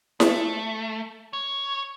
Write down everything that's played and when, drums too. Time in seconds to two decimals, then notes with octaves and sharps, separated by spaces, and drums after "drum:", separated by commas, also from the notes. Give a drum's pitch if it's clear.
0.20 A3, drum: snare E4
1.33 C#5